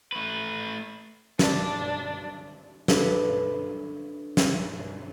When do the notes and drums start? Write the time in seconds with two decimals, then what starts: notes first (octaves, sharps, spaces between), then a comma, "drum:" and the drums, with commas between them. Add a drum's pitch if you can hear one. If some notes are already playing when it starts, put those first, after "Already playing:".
0.12 A3 B4
1.39 D4, drum: snare
2.88 D4 A4 B4, drum: snare
4.37 drum: snare